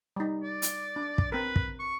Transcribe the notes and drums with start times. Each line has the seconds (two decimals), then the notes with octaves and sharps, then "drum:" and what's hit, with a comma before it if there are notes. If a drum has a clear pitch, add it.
0.16 G3 D#4
0.43 D5
0.62 drum: hi-hat
0.96 D4
1.18 drum: kick
1.32 C4 A#4 B4
1.56 drum: kick
1.80 C#6